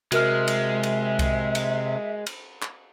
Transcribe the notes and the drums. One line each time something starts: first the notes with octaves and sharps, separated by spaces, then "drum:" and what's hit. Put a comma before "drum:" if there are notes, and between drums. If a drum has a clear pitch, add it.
C3 G#3 F#4 A#4 E5 F6, drum: cymbal
drum: cymbal
drum: cymbal
drum: kick C2, cymbal
drum: cymbal
drum: cymbal
drum: clap